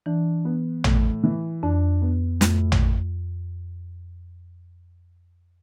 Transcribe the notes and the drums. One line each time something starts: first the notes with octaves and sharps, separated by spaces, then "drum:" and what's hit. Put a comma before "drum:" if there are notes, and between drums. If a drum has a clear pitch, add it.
E3 D4
B3
A2, drum: tom A1
E3
F2 D4
B3
F2 A2, drum: snare
drum: tom A1